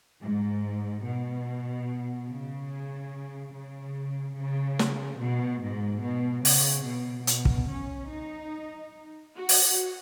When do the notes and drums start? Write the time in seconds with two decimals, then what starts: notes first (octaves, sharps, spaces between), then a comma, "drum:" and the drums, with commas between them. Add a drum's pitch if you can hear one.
0.22 G#2
1.05 B2
2.30 C#3
3.54 C#3
4.37 C#3
4.79 drum: snare
5.20 B2
5.62 G#2
6.03 B2
6.45 C#3, drum: open hi-hat
6.86 B2
7.27 B2, drum: hi-hat
7.45 drum: kick
7.70 C#4
8.11 D#4
9.36 F#4
9.49 drum: open hi-hat